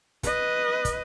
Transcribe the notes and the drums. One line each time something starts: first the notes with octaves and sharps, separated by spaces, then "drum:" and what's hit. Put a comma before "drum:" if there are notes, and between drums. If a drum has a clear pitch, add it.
B4 D#5, drum: kick, hi-hat
drum: kick, hi-hat